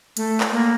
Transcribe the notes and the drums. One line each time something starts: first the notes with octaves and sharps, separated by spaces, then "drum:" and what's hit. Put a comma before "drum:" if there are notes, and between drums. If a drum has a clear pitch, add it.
A3, drum: hi-hat
drum: clap
A#3